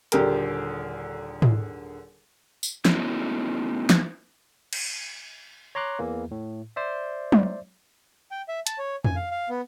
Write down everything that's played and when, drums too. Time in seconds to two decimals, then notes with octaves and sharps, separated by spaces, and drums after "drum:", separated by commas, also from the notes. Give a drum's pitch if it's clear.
0.12 D#1 D3 G4 G#4 A#4, drum: hi-hat
1.42 drum: tom
2.63 drum: tambourine
2.85 A3 B3 C#4 D#4 E4 F#4, drum: snare
3.90 drum: snare
4.73 drum: cymbal
5.75 C#5 A#5 C6 D6 F#6
5.99 E2 E3 A#3
6.31 A2
6.76 C5 D5 E5
7.32 drum: tom F#3
8.31 G5
8.49 E5
8.67 A5, drum: hi-hat
8.78 C#5
9.05 G#5, drum: tom F2
9.16 F5
9.31 F5
9.49 B3